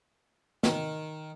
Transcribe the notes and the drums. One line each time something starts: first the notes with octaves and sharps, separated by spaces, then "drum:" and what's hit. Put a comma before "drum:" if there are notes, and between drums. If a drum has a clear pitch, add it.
D#3, drum: snare